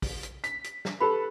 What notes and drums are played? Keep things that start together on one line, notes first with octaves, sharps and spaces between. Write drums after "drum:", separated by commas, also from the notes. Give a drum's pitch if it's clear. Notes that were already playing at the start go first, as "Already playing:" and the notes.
drum: kick, open hi-hat
drum: hi-hat
B6, drum: hi-hat
drum: hi-hat
drum: snare
G4 A4 B4 B5